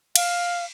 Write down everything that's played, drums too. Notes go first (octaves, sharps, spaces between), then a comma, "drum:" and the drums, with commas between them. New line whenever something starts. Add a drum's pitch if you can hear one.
F5, drum: cymbal